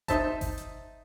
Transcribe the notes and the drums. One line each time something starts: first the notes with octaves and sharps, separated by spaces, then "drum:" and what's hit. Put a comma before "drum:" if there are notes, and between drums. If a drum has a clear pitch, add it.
D#4 C5 E5 A5, drum: kick G1, hi-hat
drum: kick G1, open hi-hat
drum: hi-hat